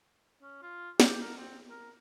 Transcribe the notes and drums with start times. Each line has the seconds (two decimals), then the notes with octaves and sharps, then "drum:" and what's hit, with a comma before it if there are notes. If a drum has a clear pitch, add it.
0.42 C#4
0.62 F4
1.00 G4, drum: snare
1.21 A#4
1.37 C4
1.70 A#4